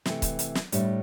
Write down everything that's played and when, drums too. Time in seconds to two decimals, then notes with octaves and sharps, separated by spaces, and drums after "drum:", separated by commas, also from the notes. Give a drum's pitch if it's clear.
0.05 C3 E3 A3, drum: snare
0.22 drum: kick, hi-hat
0.39 drum: hi-hat
0.55 drum: snare
0.72 A2 G3 D4, drum: hi-hat